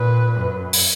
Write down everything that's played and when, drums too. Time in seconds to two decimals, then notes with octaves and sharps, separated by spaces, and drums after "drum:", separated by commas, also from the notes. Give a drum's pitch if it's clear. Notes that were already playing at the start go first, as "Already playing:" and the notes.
Already playing: A#2 B4
0.37 F#2
0.73 drum: open hi-hat